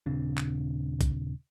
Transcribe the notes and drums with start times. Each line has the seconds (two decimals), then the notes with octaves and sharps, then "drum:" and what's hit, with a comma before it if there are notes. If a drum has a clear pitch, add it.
0.06 D#1 C#3 C4 D4
0.38 drum: clap
1.01 drum: kick B1, hi-hat